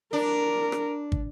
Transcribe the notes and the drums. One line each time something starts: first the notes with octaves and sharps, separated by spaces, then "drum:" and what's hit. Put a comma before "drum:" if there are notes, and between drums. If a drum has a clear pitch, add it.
D4 A#4
drum: rim click
drum: kick